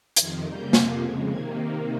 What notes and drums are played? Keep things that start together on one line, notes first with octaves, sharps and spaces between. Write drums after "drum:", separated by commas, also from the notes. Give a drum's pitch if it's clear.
F2 C3 D#3 G#6, drum: hi-hat
C#3 G3 A#3 G6
F2 C3 F3 A#3, drum: snare
F2 C#3 G#3 G#6
C3 D#3 A#3 G#6